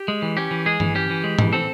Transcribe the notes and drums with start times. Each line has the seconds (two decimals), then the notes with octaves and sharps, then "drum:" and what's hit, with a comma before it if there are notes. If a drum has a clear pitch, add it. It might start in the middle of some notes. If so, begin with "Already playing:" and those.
Already playing: G4
0.08 G#3
0.22 E3
0.37 C#4 G4
0.51 E3
0.66 G#3 G#4
0.80 E3, drum: tom G2
0.95 C#4 G4
1.10 E3
1.24 G#3
1.39 E3, drum: tom G#2
1.53 C4 A4